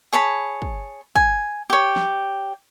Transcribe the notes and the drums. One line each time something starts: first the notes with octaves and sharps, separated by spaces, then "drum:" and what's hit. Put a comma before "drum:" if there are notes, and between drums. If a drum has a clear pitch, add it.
G#4 C#5 A5 B5
drum: kick
G#5, drum: kick
G4 C#5
drum: snare